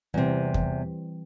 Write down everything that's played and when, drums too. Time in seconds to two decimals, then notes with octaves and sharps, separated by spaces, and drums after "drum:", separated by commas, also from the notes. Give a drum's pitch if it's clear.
0.14 E2 C3 E3 G3 C4
0.54 drum: kick E2